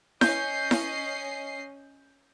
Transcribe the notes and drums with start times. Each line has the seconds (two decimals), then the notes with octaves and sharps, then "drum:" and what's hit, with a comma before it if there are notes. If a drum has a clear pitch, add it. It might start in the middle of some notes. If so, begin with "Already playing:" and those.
0.21 C#4 D#5 G6 C7, drum: snare E4
0.71 drum: snare E4